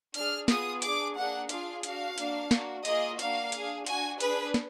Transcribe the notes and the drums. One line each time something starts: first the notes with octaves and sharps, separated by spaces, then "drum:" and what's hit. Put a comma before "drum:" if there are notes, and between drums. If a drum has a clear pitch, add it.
D4 G#4 F6, drum: hi-hat
B3 F4 G#4 D#6, drum: snare
D4 G#4 D6, drum: hi-hat
A#3 D4 G#4 F#5
D4 F4 G#4 F5, drum: hi-hat
D4 F#4 F5, drum: hi-hat
A#3 D4 F#4, drum: hi-hat
A#3 D4 F#4, drum: snare
A#3 F4 G#4 D#5, drum: hi-hat
A#3 D4 F#4 F5, drum: hi-hat
D4 G#4, drum: hi-hat
D4 F#4 G#5, drum: hi-hat
D4 G#4 B4, drum: hi-hat
drum: snare